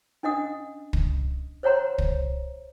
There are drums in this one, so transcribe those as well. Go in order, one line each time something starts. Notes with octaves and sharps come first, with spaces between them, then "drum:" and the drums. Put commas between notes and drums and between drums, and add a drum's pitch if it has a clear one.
C#4 D4 D#5 F#5 D#6
drum: kick
C5 C#5 F#5 A#5 C6
drum: kick